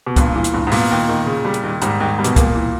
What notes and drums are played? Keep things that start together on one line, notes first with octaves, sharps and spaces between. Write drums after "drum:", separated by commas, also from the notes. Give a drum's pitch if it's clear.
B2
G2 A#2, drum: kick, hi-hat
E3
drum: hi-hat
G2
G#2
A#2 B3, drum: open hi-hat
D#2
D#3
C#3
G3
drum: hi-hat
D#2
G#2 G3, drum: hi-hat
D#2
G3
B2, drum: hi-hat
A#2 A#3, drum: kick, hi-hat
E3